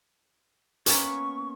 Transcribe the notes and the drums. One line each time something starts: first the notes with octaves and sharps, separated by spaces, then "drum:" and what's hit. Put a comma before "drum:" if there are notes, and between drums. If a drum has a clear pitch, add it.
A#3 B3 C#4 C#6, drum: hi-hat